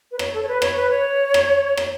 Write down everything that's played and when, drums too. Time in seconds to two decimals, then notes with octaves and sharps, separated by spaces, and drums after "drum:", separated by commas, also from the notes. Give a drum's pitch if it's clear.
0.12 B4
0.19 C#5, drum: rim click
0.34 A4
0.43 C#5
0.48 B4
0.62 C#5, drum: rim click
0.76 B4
0.90 C#5
1.34 drum: rim click
1.77 drum: rim click